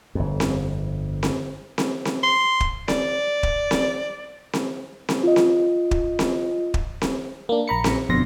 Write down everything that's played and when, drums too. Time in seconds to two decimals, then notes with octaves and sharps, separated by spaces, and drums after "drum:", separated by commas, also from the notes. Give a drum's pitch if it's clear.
0.15 G1 F2
0.40 drum: snare C4
1.23 drum: snare C4
1.78 drum: snare C4
2.05 drum: snare C4
2.23 C6
2.60 drum: kick
2.88 D5, drum: snare C4
3.43 drum: kick
3.71 drum: snare C4
4.53 drum: snare C4
5.09 drum: snare C4
5.23 F4 D#5
5.36 drum: snare C4
5.91 drum: kick
6.19 drum: snare C4
6.74 drum: kick
7.02 drum: snare C4
7.49 A#3 D4
7.68 A#1 A#5 B5 C#7
7.84 drum: snare C4
8.09 G1 F2 B2 D3 C6 A#6